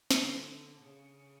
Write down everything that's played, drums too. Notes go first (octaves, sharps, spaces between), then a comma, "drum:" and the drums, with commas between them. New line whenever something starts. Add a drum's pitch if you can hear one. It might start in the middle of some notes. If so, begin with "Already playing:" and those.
D3, drum: snare
C#3